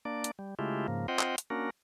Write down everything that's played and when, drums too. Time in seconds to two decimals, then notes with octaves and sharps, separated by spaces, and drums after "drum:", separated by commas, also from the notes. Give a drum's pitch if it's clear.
0.05 A#3 D4 D5
0.24 drum: hi-hat
0.39 G3
0.59 C#3 G#3 A3 E4 F4 G4
0.88 G#2 C#3 F3 A#3
1.08 C4 F4 C5 D#5 F#5 G5
1.19 drum: clap
1.38 drum: hi-hat
1.50 A#3 C#4 D4 F#4 A#4